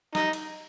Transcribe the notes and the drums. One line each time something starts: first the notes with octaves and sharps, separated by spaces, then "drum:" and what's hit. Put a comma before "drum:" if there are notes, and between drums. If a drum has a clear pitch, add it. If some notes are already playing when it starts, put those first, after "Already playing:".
D#4, drum: snare
drum: cymbal